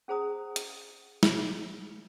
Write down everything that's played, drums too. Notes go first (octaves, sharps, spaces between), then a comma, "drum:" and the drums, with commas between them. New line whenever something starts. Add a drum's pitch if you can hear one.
C#4 G#4 C5 A#5 D#6
drum: hi-hat
drum: snare